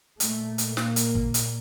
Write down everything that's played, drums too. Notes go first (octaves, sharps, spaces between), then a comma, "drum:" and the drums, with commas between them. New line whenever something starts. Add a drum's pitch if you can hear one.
A#2 A3, drum: hi-hat
drum: hi-hat
A#3, drum: snare
drum: hi-hat
drum: kick
drum: hi-hat